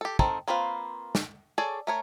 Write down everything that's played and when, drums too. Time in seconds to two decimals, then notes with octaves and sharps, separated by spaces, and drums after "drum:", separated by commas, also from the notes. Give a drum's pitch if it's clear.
0.01 G4 A4
0.19 D#3 C4 A4 A#4, drum: kick
0.48 A#3 C4 F4 B4 F5
1.15 drum: snare
1.58 G#4 A4 C#5 D5
1.87 A3 A#4 C#5